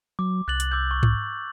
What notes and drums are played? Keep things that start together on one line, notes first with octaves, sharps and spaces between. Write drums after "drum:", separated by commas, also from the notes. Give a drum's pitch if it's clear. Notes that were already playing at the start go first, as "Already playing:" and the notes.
F#3 D6
C2 F#6 A6 F#7
drum: hi-hat
D6 E6 G6
C#6
drum: tom G#2